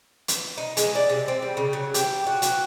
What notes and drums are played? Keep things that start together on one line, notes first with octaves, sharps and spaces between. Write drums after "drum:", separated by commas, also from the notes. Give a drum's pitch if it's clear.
drum: hi-hat
D#4
G#3, drum: hi-hat
D5
C3
C4
G3
C#3
F#3
G4, drum: hi-hat
F#4
F#4, drum: hi-hat